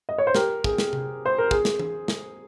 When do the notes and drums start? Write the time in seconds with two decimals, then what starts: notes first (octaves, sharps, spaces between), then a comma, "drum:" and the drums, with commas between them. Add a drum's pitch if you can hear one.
0.09 D#5
0.18 C#5
0.27 C5
0.35 G4 A#4, drum: snare
0.64 G#4, drum: kick
0.78 drum: snare
0.93 drum: tom C3
1.26 C5
1.38 A#4
1.51 G#4, drum: kick
1.65 drum: snare
1.79 drum: tom E3
2.08 drum: snare